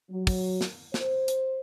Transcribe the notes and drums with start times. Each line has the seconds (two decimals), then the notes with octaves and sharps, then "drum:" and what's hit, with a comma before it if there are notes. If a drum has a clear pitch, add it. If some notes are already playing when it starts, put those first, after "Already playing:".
0.10 F#3
0.27 drum: kick, open hi-hat
0.61 drum: snare
0.94 C5, drum: snare
1.28 drum: hi-hat